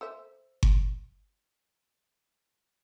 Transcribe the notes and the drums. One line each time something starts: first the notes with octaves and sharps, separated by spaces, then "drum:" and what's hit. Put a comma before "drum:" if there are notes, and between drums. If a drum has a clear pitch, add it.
A4 C5 E5
drum: kick G1